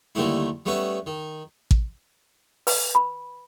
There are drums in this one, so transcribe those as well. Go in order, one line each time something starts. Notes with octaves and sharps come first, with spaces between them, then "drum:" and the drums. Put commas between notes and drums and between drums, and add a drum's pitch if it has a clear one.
D#2 D3 D#3 G3 A3 E4
G3 A3 B3 C#4 B4 E5
D#3
drum: kick A1
B4, drum: open hi-hat
B5